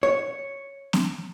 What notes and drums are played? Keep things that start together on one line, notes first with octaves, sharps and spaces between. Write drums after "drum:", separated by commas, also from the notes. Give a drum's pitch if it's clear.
C#5
drum: snare